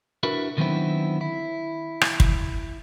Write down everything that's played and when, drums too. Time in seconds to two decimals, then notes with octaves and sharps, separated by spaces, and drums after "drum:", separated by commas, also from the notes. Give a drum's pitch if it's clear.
0.23 D4 E4 F#4 A#4 B4
0.57 D3 D#3 F#3 B3 C4 E4
1.21 E4
2.01 drum: rim click
2.20 drum: kick